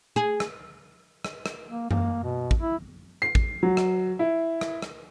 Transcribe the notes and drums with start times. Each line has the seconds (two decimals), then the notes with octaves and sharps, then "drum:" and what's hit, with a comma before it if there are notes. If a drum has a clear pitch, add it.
0.16 G#4
0.40 drum: rim click
1.25 drum: rim click
1.46 drum: rim click
1.69 A#3
1.91 A#3, drum: tom F#2
2.24 B2
2.51 drum: kick
2.60 E4
3.22 C7
3.35 drum: kick
3.63 F#3
3.77 drum: rim click
4.19 E4
4.61 drum: rim click
4.82 drum: rim click